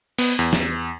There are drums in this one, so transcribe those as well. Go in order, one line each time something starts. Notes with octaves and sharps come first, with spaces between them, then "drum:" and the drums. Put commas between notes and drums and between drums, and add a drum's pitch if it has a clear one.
B3, drum: open hi-hat
E2
drum: snare